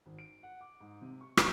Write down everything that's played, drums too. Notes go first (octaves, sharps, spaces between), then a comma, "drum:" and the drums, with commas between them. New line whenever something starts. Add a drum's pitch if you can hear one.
G#1
D7
F#5
D6
G#2
C3
C#6
G#3, drum: rim click